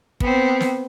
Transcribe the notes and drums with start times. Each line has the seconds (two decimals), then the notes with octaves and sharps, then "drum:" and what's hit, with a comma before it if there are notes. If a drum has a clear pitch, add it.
0.20 B3 C4, drum: kick
0.60 drum: snare